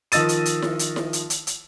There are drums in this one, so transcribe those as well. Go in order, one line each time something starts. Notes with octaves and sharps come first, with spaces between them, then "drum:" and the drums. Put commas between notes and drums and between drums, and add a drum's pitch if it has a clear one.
D#3 F3 D#5 E6 A6 D#7, drum: hi-hat
drum: hi-hat
drum: hi-hat
drum: snare E4
drum: hi-hat
drum: snare E4
drum: hi-hat
drum: hi-hat
drum: hi-hat